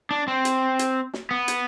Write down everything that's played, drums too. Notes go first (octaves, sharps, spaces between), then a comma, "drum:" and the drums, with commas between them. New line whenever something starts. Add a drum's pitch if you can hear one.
D4
C4
drum: hi-hat
drum: hi-hat
drum: snare
B3
drum: hi-hat